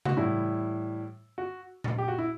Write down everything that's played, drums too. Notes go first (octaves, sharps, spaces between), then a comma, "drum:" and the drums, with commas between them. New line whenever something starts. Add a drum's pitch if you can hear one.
F#4, drum: tom C3
A2 E3 G3 E4
F#4
drum: tom A#2
G4
F#4
E4